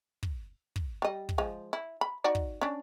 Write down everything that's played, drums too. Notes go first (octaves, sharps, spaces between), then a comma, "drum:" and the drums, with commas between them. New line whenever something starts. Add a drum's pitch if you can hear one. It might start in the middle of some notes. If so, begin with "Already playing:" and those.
drum: kick
drum: kick
G3 D#5
drum: kick
F3 G#3
E4
B5
D#4 F#4 D5
drum: kick
C#4 D4